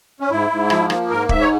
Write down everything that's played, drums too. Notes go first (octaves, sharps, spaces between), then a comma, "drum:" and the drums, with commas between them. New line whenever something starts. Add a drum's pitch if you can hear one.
C#4
G#2 E4
G#2
F3, drum: rim click
A#3, drum: rim click
G#2 A#4
G#2 E5, drum: kick
C#5